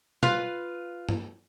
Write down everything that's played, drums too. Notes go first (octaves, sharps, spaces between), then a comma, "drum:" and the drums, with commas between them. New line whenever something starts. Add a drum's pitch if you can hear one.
F4 B4 F5, drum: tom
drum: tom G2